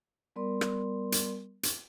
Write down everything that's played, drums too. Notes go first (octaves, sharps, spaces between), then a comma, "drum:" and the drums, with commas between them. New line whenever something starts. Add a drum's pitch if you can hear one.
G3 B3 A#4 D5 C6
drum: rim click
drum: hi-hat
drum: hi-hat